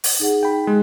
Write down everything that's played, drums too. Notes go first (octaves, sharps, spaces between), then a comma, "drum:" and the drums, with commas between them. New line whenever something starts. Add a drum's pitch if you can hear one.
drum: open hi-hat
D#4 G#4 F#5
G5 B5
G#3